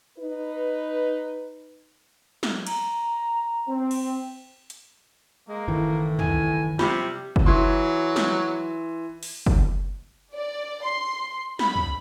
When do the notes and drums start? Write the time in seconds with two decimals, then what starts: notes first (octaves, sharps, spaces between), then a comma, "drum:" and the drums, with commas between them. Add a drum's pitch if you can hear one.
0.17 D#4 B4
2.43 drum: snare
2.67 A#5, drum: cymbal
3.69 C4
3.91 drum: cymbal
4.70 drum: hi-hat
5.48 G#3 A#3
5.68 F#1 A2 D#3 E3
6.19 G#5, drum: tom
6.79 C3 G3 F4 G4, drum: snare
7.36 drum: kick F#1
7.46 E3 F#3 C6
8.16 drum: snare
9.23 drum: open hi-hat
9.46 drum: kick F#1
10.33 D5
10.84 C6
11.59 B5, drum: snare
11.76 drum: tom